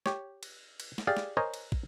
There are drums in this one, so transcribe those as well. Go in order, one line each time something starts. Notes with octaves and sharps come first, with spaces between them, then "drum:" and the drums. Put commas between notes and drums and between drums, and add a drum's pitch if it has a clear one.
G4 C#5, drum: snare
drum: cymbal
drum: cymbal
drum: snare
G4 G#4 D5 F5
drum: snare
A#4 C5 C#5 D#5 G#5
drum: cymbal
drum: kick